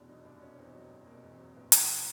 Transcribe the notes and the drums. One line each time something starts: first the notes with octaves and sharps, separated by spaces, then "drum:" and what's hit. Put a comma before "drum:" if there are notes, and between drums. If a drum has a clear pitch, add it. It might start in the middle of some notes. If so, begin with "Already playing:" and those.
Already playing: F1 E2 B2 C#4 D4
F#3 D#4
F1 D4
B2 C#4
E2 C4
F#3
B3
F1
B2 A#3
E2
C4
F#3
A#1 B3
E3 B3, drum: hi-hat
C4